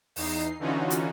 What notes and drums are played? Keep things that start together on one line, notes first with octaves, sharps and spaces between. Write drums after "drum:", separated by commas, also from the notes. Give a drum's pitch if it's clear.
E2 D#4 C7, drum: open hi-hat
D3 E3 C#4 D#4 F4 F#4
drum: hi-hat